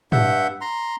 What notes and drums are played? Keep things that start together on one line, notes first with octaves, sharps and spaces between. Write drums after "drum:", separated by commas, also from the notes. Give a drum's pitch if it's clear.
G2 E5 F#5 G6, drum: tom
A#5 C6